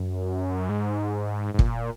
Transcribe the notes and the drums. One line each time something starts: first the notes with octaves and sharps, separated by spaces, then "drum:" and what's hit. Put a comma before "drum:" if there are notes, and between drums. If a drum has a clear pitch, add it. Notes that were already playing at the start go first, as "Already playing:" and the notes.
Already playing: F#2
G#2
G#2
A#2, drum: kick